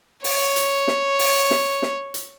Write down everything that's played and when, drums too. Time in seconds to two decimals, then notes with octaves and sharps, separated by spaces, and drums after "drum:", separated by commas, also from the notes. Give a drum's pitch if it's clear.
0.24 C#5, drum: open hi-hat
0.56 drum: hi-hat
0.88 drum: snare
1.19 drum: open hi-hat
1.51 drum: snare
1.82 drum: snare
2.14 drum: hi-hat